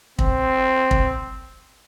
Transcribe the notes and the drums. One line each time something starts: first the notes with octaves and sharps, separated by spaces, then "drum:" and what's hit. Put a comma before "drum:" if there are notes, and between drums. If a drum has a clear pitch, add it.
C4, drum: kick
drum: kick